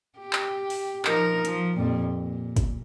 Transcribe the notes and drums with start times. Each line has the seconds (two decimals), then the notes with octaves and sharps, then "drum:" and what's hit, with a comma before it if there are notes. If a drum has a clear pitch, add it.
0.19 G4
0.33 drum: clap
0.70 drum: open hi-hat
1.05 F3 D#4 A#4, drum: clap
1.45 F3, drum: hi-hat
1.76 F2 A#2 G3
2.13 A#2
2.56 drum: kick, hi-hat